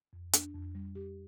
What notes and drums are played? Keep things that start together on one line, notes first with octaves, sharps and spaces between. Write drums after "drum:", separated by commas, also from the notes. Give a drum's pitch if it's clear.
F2
D4, drum: hi-hat
F2
G3
G4